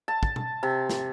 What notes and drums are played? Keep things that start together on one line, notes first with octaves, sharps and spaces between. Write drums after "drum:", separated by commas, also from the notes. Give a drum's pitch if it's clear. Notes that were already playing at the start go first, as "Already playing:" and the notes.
A5
drum: kick
drum: tom
C3
drum: snare